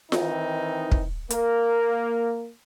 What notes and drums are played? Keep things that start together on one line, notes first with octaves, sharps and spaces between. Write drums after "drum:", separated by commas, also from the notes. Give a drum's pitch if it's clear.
D#3 E3 C4 D#4, drum: snare F4
drum: kick
A#3 A#4, drum: hi-hat